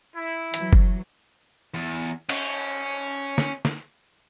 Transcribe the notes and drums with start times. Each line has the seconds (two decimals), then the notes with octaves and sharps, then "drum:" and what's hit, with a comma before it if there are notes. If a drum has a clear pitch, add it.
0.15 E4
0.54 E3 F#3, drum: hi-hat
0.73 drum: kick F#1
1.74 E2
2.29 C#4, drum: cymbal
3.38 drum: snare
3.65 drum: snare